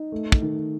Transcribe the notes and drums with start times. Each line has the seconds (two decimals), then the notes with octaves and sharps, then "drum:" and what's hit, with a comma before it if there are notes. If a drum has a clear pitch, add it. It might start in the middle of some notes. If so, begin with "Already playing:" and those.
Already playing: D#4
0.12 A3
0.32 drum: kick
0.42 D#3